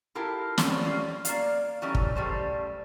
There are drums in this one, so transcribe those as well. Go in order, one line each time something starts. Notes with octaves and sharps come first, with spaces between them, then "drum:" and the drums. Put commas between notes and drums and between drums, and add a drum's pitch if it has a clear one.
E4 F4 G4 A4 A#4
F#3 G3 C4 C#4, drum: snare
G3 C#4 F4
A#3 D5 F5, drum: hi-hat
E3 F#3 G3 A3 C#4 D#4
drum: kick
C#3 G3 A3 C5